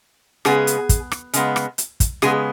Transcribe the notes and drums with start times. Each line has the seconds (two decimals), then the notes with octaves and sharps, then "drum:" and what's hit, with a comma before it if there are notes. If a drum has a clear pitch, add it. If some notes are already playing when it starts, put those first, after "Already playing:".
0.45 C#3 G#3 B3 G#4, drum: rim click
0.67 drum: hi-hat
0.89 drum: kick, hi-hat
1.12 drum: rim click
1.34 C#3 G#3 B3, drum: hi-hat
1.56 drum: rim click
1.78 drum: hi-hat
2.00 drum: kick, hi-hat
2.22 C#3 G#3 B3 G#4, drum: rim click